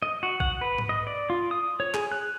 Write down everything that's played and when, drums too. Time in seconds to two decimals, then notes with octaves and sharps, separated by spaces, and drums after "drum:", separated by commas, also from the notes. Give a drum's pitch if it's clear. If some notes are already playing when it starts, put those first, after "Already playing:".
0.02 D#5
0.23 F#4
0.40 F#5, drum: kick A#1
0.61 B4
0.78 drum: tom G#2
0.89 D#5
1.07 D5
1.30 F4
1.51 D#6
1.80 C#5
1.94 G#4, drum: clap
2.12 F#6